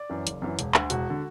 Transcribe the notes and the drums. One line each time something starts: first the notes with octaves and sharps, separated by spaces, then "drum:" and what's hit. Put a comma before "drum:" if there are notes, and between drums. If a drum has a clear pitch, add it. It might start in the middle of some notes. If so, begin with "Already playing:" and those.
Already playing: D5
F#2 E3
F#1, drum: hi-hat
F#2 E3
E1, drum: hi-hat
D2 D3, drum: clap
E1 F#4, drum: hi-hat
D3